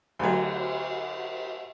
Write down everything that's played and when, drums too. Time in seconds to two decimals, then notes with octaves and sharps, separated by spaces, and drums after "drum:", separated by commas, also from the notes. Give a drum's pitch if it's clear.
0.19 D2 F#3, drum: cymbal